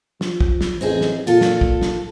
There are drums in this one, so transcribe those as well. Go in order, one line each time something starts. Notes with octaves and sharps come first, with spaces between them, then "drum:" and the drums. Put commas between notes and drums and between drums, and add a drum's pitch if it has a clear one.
F3, drum: snare
drum: kick
drum: snare
A1 C4 D#4 G#4
drum: snare
A#2 F4 A4
drum: snare
drum: kick
drum: snare